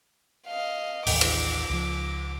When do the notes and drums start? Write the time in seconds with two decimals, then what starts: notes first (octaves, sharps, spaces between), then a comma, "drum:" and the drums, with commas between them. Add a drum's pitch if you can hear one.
0.47 D#5 F5
1.07 A1 D#2 D6, drum: open hi-hat
1.21 drum: cymbal
1.70 C#2 F3